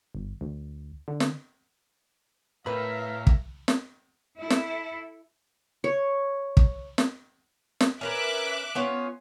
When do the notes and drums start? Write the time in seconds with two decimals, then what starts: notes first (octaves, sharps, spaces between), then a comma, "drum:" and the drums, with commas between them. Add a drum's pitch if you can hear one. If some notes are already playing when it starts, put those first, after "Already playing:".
0.15 G1
0.41 D2
1.08 D3
1.20 drum: snare
2.66 A2 A#4 B4 E5 F5 B5
3.27 drum: kick
3.68 drum: snare
4.39 E4 A4
4.50 drum: snare
5.84 C#5
6.57 drum: kick
6.98 drum: snare
7.81 drum: snare
8.01 C#4 A#4 B4 E5 D6 F#6
8.75 B3 C#4 F4